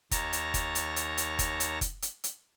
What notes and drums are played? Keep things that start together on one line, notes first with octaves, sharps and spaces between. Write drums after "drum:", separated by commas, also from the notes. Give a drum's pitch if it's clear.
D#2 C#5 A5 A#5 A#6, drum: kick F1, hi-hat
drum: hi-hat
drum: kick F1, hi-hat
drum: hi-hat
drum: hi-hat
drum: hi-hat
drum: kick F1, hi-hat
drum: hi-hat
drum: kick F1, hi-hat
drum: hi-hat
drum: hi-hat